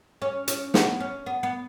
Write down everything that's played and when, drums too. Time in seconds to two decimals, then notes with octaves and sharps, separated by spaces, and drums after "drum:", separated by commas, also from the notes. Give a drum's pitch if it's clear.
0.22 C#4
0.48 C#4, drum: hi-hat
0.74 B3, drum: snare
1.00 C#4
1.26 B3
1.43 B3